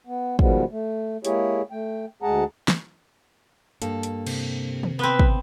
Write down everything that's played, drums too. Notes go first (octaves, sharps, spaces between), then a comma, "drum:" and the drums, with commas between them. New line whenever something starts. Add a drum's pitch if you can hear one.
B3
B2 D#3 F3 G3 G#3 B3, drum: kick
A3
G#3 A#3 E4 G4 G#4 C#5, drum: hi-hat
A3 G5
D2 G#3 G#4 F#5 A5 A#5
drum: snare
G2 A#3 A4, drum: hi-hat
drum: hi-hat
C3, drum: cymbal
drum: tom
B3 C4 B4
drum: kick